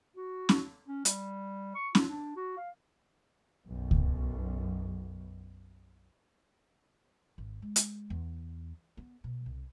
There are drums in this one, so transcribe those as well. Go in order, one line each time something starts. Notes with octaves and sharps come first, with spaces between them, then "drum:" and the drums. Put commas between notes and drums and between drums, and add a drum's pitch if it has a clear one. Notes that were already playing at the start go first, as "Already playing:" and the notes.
F#4
drum: snare C#4
C#4
G3, drum: hi-hat
C#6
F4, drum: snare C#4
D4
F#4
F5
B1 F#2
drum: kick C#2
G#1
G#3
drum: hi-hat
E2
B3
B2
C2